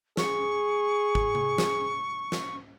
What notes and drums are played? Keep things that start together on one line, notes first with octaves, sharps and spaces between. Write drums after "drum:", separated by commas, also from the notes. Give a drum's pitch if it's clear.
G#4 C#6, drum: snare
drum: kick
drum: tom C3
drum: snare
drum: snare